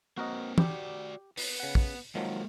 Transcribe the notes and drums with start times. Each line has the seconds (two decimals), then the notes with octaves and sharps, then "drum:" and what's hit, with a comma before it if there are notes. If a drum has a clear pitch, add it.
0.18 A#3 C4 F#4 A#4 D#5
0.58 F#4 G4 D5, drum: tom
1.37 B3, drum: open hi-hat
1.60 C#3 F#5
1.75 drum: kick
2.15 D#3 F3 F#3 G#3 A#3